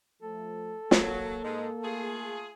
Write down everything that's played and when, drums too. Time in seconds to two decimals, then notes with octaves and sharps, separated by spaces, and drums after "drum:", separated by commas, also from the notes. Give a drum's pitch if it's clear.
0.22 F3 A3 A4
0.91 F#3 A#3, drum: snare
1.44 G#2 G#3
1.83 A3 F4 G#4